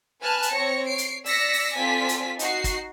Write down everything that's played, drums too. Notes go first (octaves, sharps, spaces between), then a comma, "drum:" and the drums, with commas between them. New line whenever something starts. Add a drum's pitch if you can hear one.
B4 G#5 A5 F6 F#6
drum: hi-hat
C4 C#5 A#6 C#7
C#5 C7 D7
drum: hi-hat
D5 E6 A#6 B6 C#7, drum: open hi-hat
drum: open hi-hat
C4 F4 A4 D5 G#5 B6
drum: hi-hat
D#4 F#4 C7, drum: hi-hat
drum: kick, hi-hat